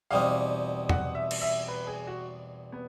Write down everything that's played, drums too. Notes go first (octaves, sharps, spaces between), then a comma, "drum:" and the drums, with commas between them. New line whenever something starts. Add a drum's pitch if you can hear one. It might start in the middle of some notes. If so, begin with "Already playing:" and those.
E2 B2 G3 C4 D#4 F5
F#5, drum: tom E2
E5
drum: cymbal
E5
B4
G#4
F#4
B3